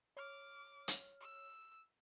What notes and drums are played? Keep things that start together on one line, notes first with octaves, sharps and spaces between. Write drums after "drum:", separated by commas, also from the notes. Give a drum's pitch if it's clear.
C#5 D6 F6
drum: hi-hat
E6